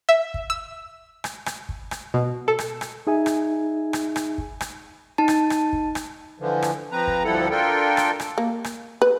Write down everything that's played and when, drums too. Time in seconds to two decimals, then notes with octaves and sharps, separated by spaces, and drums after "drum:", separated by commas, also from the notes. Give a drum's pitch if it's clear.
0.09 E5
0.34 drum: kick
0.50 E6
1.24 drum: rim click
1.46 drum: rim click
1.69 drum: kick
1.91 drum: rim click
2.14 B2
2.48 A4
2.59 drum: rim click
2.81 drum: rim click
3.07 D#4 G#4 E5 G#5
3.26 drum: rim click
3.93 drum: rim click
4.16 drum: rim click
4.38 drum: kick
4.61 drum: rim click
5.18 D#4 A5
5.28 drum: rim click
5.50 drum: rim click
5.73 drum: kick
5.95 drum: rim click
6.40 D3 E3 F3
6.62 drum: rim click
6.92 F3 C4 B4 A#5
7.07 drum: kick
7.25 D2 F3 G3 E4 A4 F#5
7.50 D4 F4 A4 A#4 G5
7.97 drum: rim click
8.20 drum: rim click
8.38 A#3
8.64 drum: rim click
9.02 B4